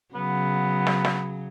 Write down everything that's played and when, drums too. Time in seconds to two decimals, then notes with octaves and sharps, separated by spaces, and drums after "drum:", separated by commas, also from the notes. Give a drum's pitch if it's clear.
0.15 C#3 F#3 B3
0.87 drum: snare
1.05 drum: snare